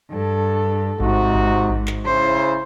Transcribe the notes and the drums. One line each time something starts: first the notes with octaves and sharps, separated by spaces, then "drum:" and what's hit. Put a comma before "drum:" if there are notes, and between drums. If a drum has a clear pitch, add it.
G2 A4
G#2 C3 D#4 F#4, drum: kick A1
drum: kick A1
drum: kick A1
drum: clap
C#3 E4 C5